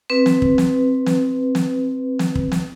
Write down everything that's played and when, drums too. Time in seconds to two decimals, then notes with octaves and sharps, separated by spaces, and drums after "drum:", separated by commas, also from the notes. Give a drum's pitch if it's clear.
0.10 C4 B4
0.26 drum: snare
0.42 drum: kick
0.58 drum: snare
1.06 drum: snare
1.55 drum: snare
2.19 drum: snare
2.35 drum: kick
2.52 drum: snare